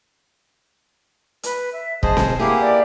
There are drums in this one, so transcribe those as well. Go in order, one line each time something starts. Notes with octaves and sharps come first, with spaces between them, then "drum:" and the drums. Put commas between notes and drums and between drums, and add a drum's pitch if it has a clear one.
B4, drum: hi-hat
E5
F#2 G#4 C5 D#5 A5, drum: kick
B2, drum: snare C4
A#3 B3 E4 G4 G#4 D6
D5